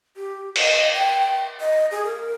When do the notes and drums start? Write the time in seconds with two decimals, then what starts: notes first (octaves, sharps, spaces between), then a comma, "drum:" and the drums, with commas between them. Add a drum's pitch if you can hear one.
0.17 G4
0.56 D#5, drum: cymbal
0.94 G5
1.61 D#5
1.91 G#4
2.04 A#4